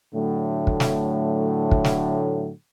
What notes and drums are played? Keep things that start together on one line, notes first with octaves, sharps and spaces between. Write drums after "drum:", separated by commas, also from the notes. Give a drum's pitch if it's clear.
A2 D3 F#3 A3
drum: kick
drum: snare
drum: kick
drum: snare